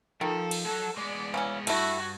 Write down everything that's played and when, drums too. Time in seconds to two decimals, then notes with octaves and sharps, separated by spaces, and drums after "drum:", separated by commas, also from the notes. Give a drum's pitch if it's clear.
0.21 D#3 F3 A4
0.51 drum: cymbal
0.65 F#3 A4 F#5
0.97 G#3 B3 D5
1.34 C#3 E3 C#4
1.67 G2 A3 E4 F#4, drum: cymbal